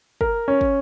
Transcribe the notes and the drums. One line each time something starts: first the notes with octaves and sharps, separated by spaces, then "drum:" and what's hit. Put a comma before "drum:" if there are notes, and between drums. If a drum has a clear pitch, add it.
A#4, drum: kick
C#4
drum: kick